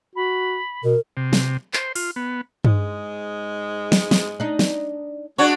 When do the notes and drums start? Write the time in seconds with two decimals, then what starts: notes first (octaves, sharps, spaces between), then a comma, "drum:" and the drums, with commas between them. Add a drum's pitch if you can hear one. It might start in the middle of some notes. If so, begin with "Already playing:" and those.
0.15 F#4 B5
0.84 B2 A#4
1.17 C3
1.33 drum: snare
1.73 C5, drum: clap
1.96 F4, drum: open hi-hat
2.16 B3
2.65 G#2 G#3, drum: tom G2
3.92 drum: snare
4.11 drum: snare
4.40 D4 D#4
4.59 drum: snare
5.38 G#3 D4 F#4 C#5